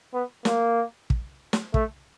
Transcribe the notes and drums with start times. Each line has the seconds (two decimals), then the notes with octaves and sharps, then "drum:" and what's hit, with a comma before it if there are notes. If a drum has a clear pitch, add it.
0.13 B3
0.45 A#3, drum: snare
1.10 drum: kick
1.53 drum: snare
1.74 A3, drum: kick